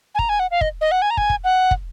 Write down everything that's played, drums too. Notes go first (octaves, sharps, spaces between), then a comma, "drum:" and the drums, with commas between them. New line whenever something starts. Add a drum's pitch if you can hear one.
G#5
A#5, drum: kick
G#5
F#5
F5
D#5, drum: kick
D#5
F#5
G#5
A#5
G#5, drum: kick
drum: kick
F#5
drum: kick